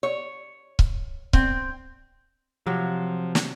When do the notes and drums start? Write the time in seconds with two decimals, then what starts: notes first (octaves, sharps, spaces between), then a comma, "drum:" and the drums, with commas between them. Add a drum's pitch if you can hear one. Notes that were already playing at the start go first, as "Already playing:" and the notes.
0.03 C#5
0.79 drum: kick C#1
1.33 C4, drum: kick C#1
2.67 C3 F3 F#3
3.35 drum: snare